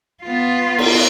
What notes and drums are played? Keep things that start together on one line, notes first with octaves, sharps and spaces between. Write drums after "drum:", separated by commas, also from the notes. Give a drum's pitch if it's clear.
B3 F4
drum: cymbal